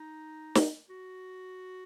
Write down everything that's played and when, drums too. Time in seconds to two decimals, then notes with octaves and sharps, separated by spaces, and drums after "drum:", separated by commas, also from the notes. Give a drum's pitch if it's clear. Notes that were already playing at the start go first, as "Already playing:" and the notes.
Already playing: D#4
0.55 drum: snare
0.89 F#4